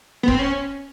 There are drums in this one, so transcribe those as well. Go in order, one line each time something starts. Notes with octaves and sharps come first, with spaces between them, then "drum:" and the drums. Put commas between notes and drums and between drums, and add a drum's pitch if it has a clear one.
B3
C4, drum: kick
C#4